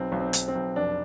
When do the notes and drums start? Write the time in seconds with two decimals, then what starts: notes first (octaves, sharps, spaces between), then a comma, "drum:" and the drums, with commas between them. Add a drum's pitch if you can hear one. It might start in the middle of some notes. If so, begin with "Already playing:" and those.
Already playing: B1 C4
0.12 B1
0.20 C4
0.33 B1, drum: hi-hat
0.48 C4
0.55 B1
0.76 F1 D4